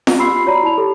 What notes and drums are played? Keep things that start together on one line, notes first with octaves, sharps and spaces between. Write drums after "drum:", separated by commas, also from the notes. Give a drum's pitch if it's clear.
drum: snare F4
F4 G4 B5 C6 E6 C7
F#4 C#5 D5 A#5 B5
E4 A5 B5 F7
G4 A4